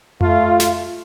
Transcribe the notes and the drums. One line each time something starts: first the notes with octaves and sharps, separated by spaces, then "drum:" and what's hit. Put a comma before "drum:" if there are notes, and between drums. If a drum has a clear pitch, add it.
A3 F4, drum: tom F2
drum: snare